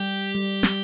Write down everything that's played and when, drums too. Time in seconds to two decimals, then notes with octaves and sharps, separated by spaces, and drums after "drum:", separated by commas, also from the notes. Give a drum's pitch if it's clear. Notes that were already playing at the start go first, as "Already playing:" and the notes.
Already playing: G3 G4
0.35 G3
0.63 drum: snare